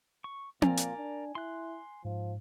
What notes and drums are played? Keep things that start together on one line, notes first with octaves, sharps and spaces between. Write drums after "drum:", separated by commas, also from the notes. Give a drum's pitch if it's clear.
C#6
A#2 A#4 D5 G#5 A#5, drum: tom C4
drum: hi-hat
D4
E4 C6 F#6
G#2 F3